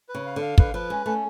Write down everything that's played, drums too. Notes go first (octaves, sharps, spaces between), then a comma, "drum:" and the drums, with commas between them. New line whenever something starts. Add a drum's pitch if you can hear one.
B4
C#3
F5
D3
F5
D3 B4, drum: kick
F3 B4
G#3 C#4
A3 C#4